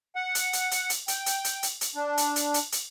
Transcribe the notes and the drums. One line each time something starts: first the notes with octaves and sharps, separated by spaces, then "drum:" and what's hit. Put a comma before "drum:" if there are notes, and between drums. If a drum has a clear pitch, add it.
F#5
drum: hi-hat
drum: hi-hat
drum: hi-hat
drum: hi-hat
G5, drum: hi-hat
drum: hi-hat
drum: hi-hat
drum: hi-hat
drum: hi-hat
D4
drum: hi-hat
drum: hi-hat
drum: hi-hat
drum: hi-hat